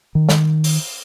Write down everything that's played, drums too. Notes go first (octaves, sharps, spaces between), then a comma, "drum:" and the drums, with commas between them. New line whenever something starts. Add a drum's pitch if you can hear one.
D#3
drum: snare
drum: open hi-hat